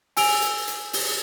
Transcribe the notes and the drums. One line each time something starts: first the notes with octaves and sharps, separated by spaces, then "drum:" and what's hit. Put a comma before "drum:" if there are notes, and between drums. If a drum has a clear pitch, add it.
G#5 E6 D7 F7, drum: open hi-hat
drum: hi-hat
drum: hi-hat
drum: open hi-hat